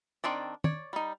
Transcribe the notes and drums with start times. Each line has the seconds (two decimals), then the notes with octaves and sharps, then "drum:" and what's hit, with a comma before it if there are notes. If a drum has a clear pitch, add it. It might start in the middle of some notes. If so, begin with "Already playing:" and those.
0.24 D#3 C4 D4 D5
0.64 C#5 D5, drum: tom
0.93 G3 D#4